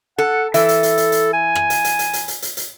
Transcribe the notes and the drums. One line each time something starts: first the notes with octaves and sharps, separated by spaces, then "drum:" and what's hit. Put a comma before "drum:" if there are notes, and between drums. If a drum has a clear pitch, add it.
A4 F#5
E3 A4 E5, drum: hi-hat
drum: hi-hat
drum: hi-hat
drum: hi-hat
drum: hi-hat
G#5
drum: rim click
drum: hi-hat
drum: hi-hat
drum: hi-hat
drum: hi-hat
drum: hi-hat
drum: hi-hat
drum: hi-hat